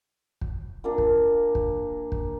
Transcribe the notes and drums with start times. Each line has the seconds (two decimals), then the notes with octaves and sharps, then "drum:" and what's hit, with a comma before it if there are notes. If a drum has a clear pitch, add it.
0.41 drum: kick
0.84 A#2 A#3 D4
0.98 drum: kick
1.55 drum: kick
2.12 drum: kick